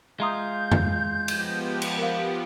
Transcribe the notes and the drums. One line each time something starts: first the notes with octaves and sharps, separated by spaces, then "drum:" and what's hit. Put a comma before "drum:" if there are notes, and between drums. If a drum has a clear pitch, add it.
G#3 F4 E5 A#5 D#6 G6
drum: tom F2
F3 B3 G4, drum: cymbal
drum: cymbal
A#4 F5